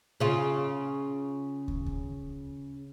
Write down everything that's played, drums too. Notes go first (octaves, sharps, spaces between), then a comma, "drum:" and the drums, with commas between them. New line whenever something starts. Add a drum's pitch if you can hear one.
C#3 F4
drum: kick
drum: kick